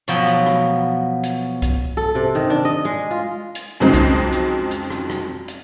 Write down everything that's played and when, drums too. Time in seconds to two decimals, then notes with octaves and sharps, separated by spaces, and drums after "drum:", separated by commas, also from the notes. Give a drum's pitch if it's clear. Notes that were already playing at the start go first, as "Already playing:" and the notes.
0.08 B2 F3 F#3 B3 G5, drum: hi-hat
0.27 drum: rim click
0.46 drum: rim click
1.24 drum: hi-hat
1.62 drum: kick C2, hi-hat
1.97 A4
2.15 C3
2.35 D#3
2.50 D4
2.65 D#5
2.85 G#3
3.11 F4
3.55 drum: hi-hat
3.80 F2 C#3 F#3 G#3 C4 D#4
3.94 drum: kick C2, hi-hat
4.33 drum: hi-hat
4.71 drum: hi-hat
4.90 drum: rim click
5.10 drum: rim click
5.48 drum: hi-hat